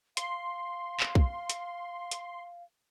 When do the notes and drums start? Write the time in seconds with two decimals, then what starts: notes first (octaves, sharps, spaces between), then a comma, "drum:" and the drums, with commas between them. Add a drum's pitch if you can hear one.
0.17 F5 C6, drum: hi-hat
1.00 drum: clap
1.15 drum: kick
1.50 drum: hi-hat
2.11 drum: hi-hat